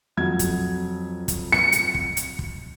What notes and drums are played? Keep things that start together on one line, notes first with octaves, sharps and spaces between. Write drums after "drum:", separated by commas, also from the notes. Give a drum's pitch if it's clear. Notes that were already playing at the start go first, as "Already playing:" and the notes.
F2 F#3 G#6
drum: kick, hi-hat
drum: kick, hi-hat
C#7, drum: snare
drum: hi-hat
drum: kick
drum: hi-hat
drum: kick